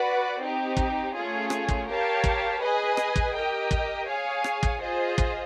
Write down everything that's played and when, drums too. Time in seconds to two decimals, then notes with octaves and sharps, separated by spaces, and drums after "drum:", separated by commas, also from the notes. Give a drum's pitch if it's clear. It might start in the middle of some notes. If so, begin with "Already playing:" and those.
Already playing: F#4 B4 D5
0.40 C4 D#4 G4
0.77 drum: kick
1.13 A3 C#4 F4 G#4 C#5
1.50 drum: rim click
1.69 drum: kick
1.87 G4 A#4 C#5 F5 A5
2.24 drum: kick
2.61 G#4 B4 D#5 G#5
2.97 drum: rim click
3.16 drum: kick
3.34 G4 A#4 D#5 G5
3.71 drum: kick
4.07 G#4 C#5 F5 G#5
4.44 drum: rim click
4.63 drum: kick
4.81 F4 G#4 C5 D#5
5.18 drum: kick